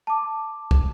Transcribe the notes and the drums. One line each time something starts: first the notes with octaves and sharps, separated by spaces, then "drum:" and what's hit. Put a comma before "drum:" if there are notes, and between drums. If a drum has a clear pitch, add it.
A5 D6
drum: kick